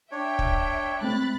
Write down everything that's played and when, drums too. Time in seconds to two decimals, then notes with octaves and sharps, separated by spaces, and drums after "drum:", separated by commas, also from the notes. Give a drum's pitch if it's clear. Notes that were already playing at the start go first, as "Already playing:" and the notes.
0.11 D4 C#5 E5 G5
0.39 drum: kick
1.01 G#3 A3 C4 B5 F#6 A6